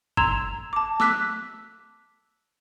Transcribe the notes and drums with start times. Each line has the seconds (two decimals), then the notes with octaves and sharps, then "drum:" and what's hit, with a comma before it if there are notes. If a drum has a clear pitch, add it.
0.17 A#5 C6 E6 G#6 E7 F7, drum: kick
0.73 A5 D6
1.00 D6 E6 F#6 B6, drum: snare